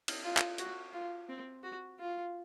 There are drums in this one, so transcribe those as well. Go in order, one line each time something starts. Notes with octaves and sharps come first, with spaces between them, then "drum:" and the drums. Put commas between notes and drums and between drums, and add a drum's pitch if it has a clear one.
drum: cymbal
F4
drum: clap
F#4, drum: hi-hat
F4
C4
F#4
F4